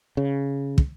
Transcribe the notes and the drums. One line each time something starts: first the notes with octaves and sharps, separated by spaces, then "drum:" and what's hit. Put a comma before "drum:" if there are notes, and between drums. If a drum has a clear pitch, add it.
C#3
drum: kick